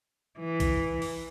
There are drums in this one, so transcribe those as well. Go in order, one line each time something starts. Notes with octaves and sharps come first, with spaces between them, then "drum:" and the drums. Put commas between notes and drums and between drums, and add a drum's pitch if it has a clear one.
E3
drum: kick B1, hi-hat
drum: open hi-hat